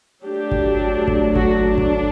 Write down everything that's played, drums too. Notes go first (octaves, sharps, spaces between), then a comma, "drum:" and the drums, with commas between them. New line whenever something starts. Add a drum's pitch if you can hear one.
F#3 A3 D4 G4
drum: kick G#1
drum: kick G#1
F#4, drum: kick G#1
D4
drum: kick G#1